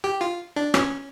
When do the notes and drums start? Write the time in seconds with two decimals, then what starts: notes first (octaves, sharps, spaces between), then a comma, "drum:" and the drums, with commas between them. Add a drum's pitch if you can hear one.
0.04 G4
0.21 F4
0.56 D4
0.74 C#4, drum: rim click